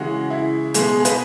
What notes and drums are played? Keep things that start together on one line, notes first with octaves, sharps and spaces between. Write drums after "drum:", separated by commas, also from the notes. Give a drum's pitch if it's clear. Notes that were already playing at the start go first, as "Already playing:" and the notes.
Already playing: C#3 E3 G#3 F#4
E4
B2 G#3 B3 G#4, drum: hi-hat
G#4
B3 B4, drum: hi-hat